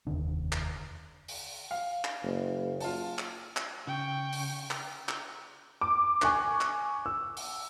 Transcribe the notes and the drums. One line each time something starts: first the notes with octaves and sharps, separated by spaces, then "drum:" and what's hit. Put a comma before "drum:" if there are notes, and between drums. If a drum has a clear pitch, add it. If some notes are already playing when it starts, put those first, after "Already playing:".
F1 D#2 D3 D4
drum: clap
drum: open hi-hat
F5
drum: clap
F#1
F4 A5, drum: open hi-hat
drum: clap
drum: clap
C#3 G5 C#6
drum: open hi-hat
drum: clap
drum: clap
D6
G#5 C#6 F#6, drum: clap
drum: clap
E6
drum: open hi-hat